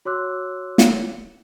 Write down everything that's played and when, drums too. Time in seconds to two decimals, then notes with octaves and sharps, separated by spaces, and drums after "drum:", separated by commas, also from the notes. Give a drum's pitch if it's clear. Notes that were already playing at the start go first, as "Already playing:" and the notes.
0.05 F#4 C#5 C6 D6 E6 F#6
0.78 drum: snare